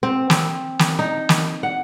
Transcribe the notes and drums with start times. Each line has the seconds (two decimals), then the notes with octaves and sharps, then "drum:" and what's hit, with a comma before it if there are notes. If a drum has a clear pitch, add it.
0.03 C4
0.30 C4, drum: snare
0.79 drum: snare
0.99 D#4
1.29 drum: snare
1.63 F#5